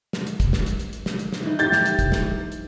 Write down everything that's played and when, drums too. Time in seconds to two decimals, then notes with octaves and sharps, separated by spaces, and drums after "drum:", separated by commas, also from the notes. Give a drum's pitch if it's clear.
0.13 drum: snare
0.27 drum: hi-hat
0.40 drum: kick, hi-hat
0.53 drum: snare
0.66 drum: hi-hat
0.80 drum: hi-hat
0.93 drum: hi-hat
1.06 drum: snare
1.19 drum: hi-hat
1.33 drum: snare
1.42 E3 D#4
1.59 G4 G6 A6, drum: hi-hat
1.72 drum: snare
1.85 drum: hi-hat
1.99 drum: kick, hi-hat
2.12 drum: snare
2.52 drum: hi-hat